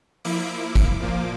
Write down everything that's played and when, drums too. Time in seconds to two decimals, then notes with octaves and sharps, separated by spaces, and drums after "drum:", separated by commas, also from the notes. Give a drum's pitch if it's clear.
0.25 F3 A#3 E4 D6, drum: open hi-hat
0.75 drum: kick, hi-hat
1.00 A#2 F3 A#3